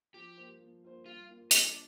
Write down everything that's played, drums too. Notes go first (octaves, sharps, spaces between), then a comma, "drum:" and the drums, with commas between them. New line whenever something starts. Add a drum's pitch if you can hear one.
F3 G4
A#3 F4 C5
F3
A#3 F4 C5
G3 F4
A#3 F4
G3 D#4, drum: hi-hat
D4